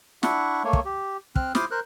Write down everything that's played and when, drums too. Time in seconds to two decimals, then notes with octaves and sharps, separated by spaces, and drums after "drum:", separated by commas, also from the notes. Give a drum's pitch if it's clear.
0.23 D4 E4 E5 F#5 C#6, drum: snare
0.64 A3 A#3 C#5
0.73 drum: kick
0.85 G4
1.36 C4 F6 F#6, drum: kick
1.55 E4 C5 C6 D6 D#6 F6, drum: snare
1.71 A#4 C5 F#6